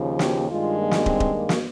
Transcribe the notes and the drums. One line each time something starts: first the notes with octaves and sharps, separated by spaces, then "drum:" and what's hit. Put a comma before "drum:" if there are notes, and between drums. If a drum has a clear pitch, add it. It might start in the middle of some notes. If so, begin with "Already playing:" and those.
Already playing: D#2 C#3 F3
G4, drum: snare
G2 D#3 G#3 F4
A#3
drum: snare
C4, drum: kick
drum: kick
A#3
drum: snare